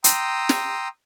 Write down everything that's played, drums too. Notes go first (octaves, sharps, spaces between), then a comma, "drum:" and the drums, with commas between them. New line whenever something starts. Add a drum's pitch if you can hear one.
G5 A#5 C6 D#6 E6, drum: hi-hat
drum: snare